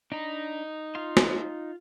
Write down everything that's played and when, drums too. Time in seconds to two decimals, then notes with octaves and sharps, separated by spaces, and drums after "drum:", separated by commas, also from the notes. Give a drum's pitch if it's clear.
0.12 D4 D#4 A#5 B5
0.95 F4 F5 C6
1.17 drum: snare